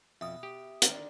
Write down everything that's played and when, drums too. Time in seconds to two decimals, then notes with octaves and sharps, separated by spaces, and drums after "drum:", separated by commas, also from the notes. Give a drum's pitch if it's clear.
0.21 F2 B2 E5 D#6
0.43 G4
0.82 D3 D#3 D4, drum: hi-hat